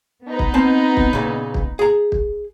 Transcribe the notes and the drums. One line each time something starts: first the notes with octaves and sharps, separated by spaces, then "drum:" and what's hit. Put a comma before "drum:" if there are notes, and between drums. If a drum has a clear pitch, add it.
B3 D#4 B4
drum: kick
C4 A5
drum: kick
A#2 C#3
drum: kick
G#4 A#5
drum: kick